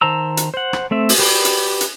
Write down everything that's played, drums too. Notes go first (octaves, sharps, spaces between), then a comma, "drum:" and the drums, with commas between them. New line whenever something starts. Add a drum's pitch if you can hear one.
D#3 C5 A5 A#5 E6
drum: hi-hat
C5 F#5
drum: rim click
A3 C4 E5
drum: open hi-hat
F#4 G4 B4 D5
drum: hi-hat
drum: hi-hat